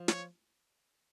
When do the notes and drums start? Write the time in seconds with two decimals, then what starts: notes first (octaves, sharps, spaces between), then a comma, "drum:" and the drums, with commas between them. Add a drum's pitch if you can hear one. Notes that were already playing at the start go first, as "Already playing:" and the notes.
Already playing: F3
0.08 C#5, drum: snare